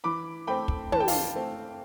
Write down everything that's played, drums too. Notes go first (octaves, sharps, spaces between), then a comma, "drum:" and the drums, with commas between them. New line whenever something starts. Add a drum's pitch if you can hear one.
E3 B5 D6
A3 C4 G5 B5
drum: kick
E3 A5, drum: tom
G5
F5 A5, drum: open hi-hat
A3 C4